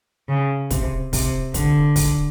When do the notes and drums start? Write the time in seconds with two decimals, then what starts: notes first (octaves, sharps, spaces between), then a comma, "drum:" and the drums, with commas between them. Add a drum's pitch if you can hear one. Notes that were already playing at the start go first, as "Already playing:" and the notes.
0.28 C#3
0.71 C3, drum: kick, hi-hat
1.13 C3, drum: kick, open hi-hat
1.54 D3, drum: kick, hi-hat
1.96 drum: kick, open hi-hat